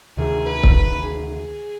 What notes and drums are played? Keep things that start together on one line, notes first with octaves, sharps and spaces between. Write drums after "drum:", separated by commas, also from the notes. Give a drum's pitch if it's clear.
D2 C3 D#3 G#4
B4
drum: kick
B4
G#4